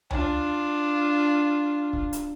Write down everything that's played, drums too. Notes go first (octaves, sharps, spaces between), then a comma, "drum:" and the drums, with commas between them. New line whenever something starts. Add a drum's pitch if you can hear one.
D4 F4, drum: tom D2
drum: kick
drum: hi-hat